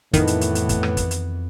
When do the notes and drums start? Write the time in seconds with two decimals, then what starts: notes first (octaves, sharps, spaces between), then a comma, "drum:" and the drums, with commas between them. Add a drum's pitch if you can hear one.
0.14 F2 A2 D#3 E3 B3, drum: kick, hi-hat
0.27 drum: hi-hat
0.41 drum: hi-hat
0.55 drum: hi-hat
0.69 drum: kick, hi-hat
0.83 drum: rim click
0.97 drum: kick, hi-hat
1.11 drum: hi-hat